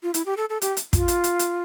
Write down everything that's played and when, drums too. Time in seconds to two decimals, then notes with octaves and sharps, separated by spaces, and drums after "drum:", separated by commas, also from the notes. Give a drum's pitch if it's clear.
0.03 F4
0.14 E4, drum: hi-hat
0.26 G4
0.37 A4
0.50 A4
0.62 G4, drum: hi-hat
0.77 drum: hi-hat
0.93 F4, drum: kick, hi-hat
1.08 drum: hi-hat
1.24 drum: hi-hat
1.39 drum: hi-hat